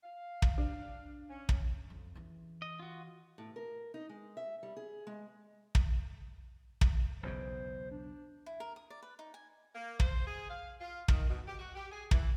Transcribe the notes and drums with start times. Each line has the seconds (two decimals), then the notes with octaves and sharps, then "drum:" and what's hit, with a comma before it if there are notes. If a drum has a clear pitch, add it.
0.04 F5
0.42 drum: kick
0.58 D4
1.30 C#4
1.49 drum: kick
1.90 F2
2.15 C#3 E3
2.62 D#5
2.79 F4 F#4
3.38 A2
3.56 A#4
3.94 D#4
4.09 G#3
4.37 E5
4.63 G3
4.77 G#4
5.07 G#3
5.75 drum: kick
6.81 drum: kick
7.23 B1 E2 C#3 C5
7.91 D4
8.46 E4
8.60 A#4
8.76 D#6
8.90 D5
9.03 B4
9.19 D#4
9.34 G#5
9.75 A#3
10.00 C5, drum: kick
10.27 G#4
10.49 F5
10.81 F4
11.08 D#3, drum: kick
11.30 B2
11.47 G4
11.59 F#4
11.75 G4
11.92 G#4
12.11 E3, drum: kick